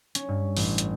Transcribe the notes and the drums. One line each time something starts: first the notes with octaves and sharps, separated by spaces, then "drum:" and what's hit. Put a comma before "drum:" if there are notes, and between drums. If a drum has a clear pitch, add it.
C#4, drum: hi-hat
G2
A1, drum: open hi-hat
drum: hi-hat